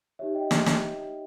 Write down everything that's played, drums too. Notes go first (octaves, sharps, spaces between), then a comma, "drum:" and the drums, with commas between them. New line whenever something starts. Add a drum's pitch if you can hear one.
D#4 G4 C#5 E5
D#5 G5
drum: snare
drum: snare